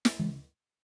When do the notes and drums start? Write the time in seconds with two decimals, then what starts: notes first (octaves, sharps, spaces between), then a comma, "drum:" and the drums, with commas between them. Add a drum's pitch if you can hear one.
0.05 drum: snare
0.19 C#3 E3 G#3